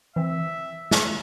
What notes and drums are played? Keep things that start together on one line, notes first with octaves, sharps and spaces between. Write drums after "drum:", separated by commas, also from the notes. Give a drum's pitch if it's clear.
E3 C4 E5
drum: snare